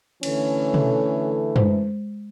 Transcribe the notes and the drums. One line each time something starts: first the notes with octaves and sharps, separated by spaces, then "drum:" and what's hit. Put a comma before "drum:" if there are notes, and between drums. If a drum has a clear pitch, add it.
D3 E3 A3 C#4, drum: cymbal
drum: tom
G#3 C5, drum: tom